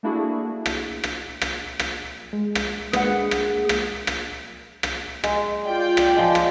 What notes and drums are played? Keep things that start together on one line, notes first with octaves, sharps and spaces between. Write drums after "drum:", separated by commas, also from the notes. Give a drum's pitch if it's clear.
A3 A#3 D4 E4 F#4 G#4
drum: rim click
drum: rim click
drum: rim click
drum: rim click
G#3
drum: rim click
G#3 A#3 D4 G#4 B4 F#5, drum: rim click
drum: rim click
drum: rim click
drum: rim click
drum: rim click
G#3, drum: rim click
F4 D5 G5
drum: rim click
F3 G#3
drum: rim click